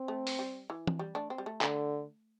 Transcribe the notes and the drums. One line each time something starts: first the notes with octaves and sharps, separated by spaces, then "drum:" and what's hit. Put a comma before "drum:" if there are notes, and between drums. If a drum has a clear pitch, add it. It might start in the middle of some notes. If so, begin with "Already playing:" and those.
Already playing: C4
A3
drum: open hi-hat
G3
E3
drum: tom E3
G3
A3 D4
C4
G3
A3
D3, drum: clap